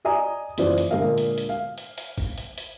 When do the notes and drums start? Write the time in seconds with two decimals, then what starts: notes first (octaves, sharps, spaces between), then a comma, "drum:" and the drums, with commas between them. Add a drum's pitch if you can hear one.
0.05 D5 D#5 G#5 A#5 D#6
0.58 F#1 E3 F4 C5 D5, drum: hi-hat
0.78 drum: hi-hat
0.90 A#2 D3 G#3 A#4 D#5 F5
1.18 drum: hi-hat
1.38 drum: hi-hat
1.49 F5
1.78 drum: hi-hat
1.98 drum: hi-hat
2.18 drum: kick, open hi-hat
2.38 drum: hi-hat
2.58 drum: hi-hat